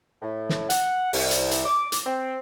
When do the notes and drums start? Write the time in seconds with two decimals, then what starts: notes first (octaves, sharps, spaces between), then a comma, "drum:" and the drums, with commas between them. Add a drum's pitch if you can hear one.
0.22 A2
0.49 drum: snare
0.70 F#5, drum: hi-hat
1.13 C2, drum: open hi-hat
1.31 drum: hi-hat
1.51 drum: hi-hat
1.66 D6
1.92 drum: hi-hat
2.06 C4